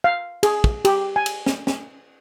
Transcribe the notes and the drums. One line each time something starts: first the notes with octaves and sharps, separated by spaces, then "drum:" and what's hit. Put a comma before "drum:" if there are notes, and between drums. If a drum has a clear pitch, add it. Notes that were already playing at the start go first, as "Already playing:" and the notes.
F5
G#4, drum: cymbal
drum: kick
G4, drum: cymbal
G#5
drum: cymbal
drum: snare
drum: snare